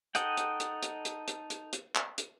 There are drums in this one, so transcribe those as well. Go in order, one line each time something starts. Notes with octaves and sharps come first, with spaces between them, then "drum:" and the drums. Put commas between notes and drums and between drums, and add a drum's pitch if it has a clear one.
D#4 A4 D#5 F#5 G5, drum: hi-hat
drum: hi-hat
drum: hi-hat
drum: hi-hat
drum: hi-hat
drum: hi-hat
drum: hi-hat
drum: hi-hat
drum: clap
drum: hi-hat